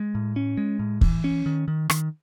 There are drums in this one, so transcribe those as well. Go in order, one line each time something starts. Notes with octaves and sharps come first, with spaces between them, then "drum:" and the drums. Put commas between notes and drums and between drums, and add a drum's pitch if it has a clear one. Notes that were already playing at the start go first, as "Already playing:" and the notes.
Already playing: G#3
A2
C#4
G#3
A2
E3, drum: kick
C#4
D#3
D#3
D#3, drum: rim click